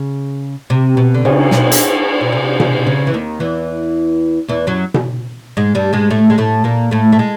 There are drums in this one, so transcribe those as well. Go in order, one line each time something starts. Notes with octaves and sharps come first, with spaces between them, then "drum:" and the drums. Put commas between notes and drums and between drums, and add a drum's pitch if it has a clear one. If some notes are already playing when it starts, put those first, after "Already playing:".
Already playing: C#3
C3
B2
D3
C#3, drum: cymbal
B2, drum: snare
drum: hi-hat
B2
C3
C3, drum: tom B2
C#3
E3
D#2 D#3
E2 E3
E2 E3
F#2 F#3
drum: tom B2
G#2 G#3
G2 G3
G#2 G#3
A2 A3
G#3
A2 A3
A#2 A#3
A2 A3
A3
G#3